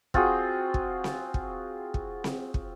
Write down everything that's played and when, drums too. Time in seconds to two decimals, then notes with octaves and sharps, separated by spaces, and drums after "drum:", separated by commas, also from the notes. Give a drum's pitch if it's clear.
0.14 C4 F4 F#4 G#4, drum: kick
0.74 drum: kick
1.04 drum: snare C4
1.34 drum: kick
1.94 drum: kick
2.24 drum: snare C4
2.54 drum: kick